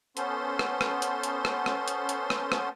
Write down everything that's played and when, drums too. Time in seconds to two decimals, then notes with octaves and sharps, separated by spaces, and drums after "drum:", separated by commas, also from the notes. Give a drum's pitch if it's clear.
0.17 B3 C#4 A4 C5 C6, drum: hi-hat
0.59 drum: rim click
0.81 drum: rim click
1.02 drum: hi-hat
1.23 drum: hi-hat
1.45 drum: rim click
1.66 drum: rim click
1.88 drum: hi-hat
2.09 drum: hi-hat
2.30 drum: rim click
2.52 drum: rim click